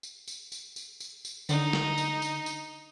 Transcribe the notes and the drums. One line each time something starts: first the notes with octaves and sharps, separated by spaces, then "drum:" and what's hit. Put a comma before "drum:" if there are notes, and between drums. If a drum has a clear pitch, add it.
drum: tambourine
drum: tambourine
drum: tambourine
drum: tambourine
drum: tambourine
drum: tambourine
D3 D#4, drum: tambourine
drum: snare
drum: tambourine
drum: tambourine
drum: tambourine